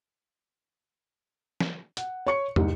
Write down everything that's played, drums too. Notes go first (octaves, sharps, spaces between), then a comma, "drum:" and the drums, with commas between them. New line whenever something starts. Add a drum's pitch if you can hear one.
drum: snare
F#5, drum: hi-hat
C#5 C#6 C#7
C2 G#2, drum: tom